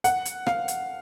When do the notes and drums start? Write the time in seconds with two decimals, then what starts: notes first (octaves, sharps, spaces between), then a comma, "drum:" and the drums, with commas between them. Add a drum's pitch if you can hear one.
0.04 F#5, drum: hi-hat
0.25 drum: hi-hat
0.47 F5, drum: rim click
0.68 drum: hi-hat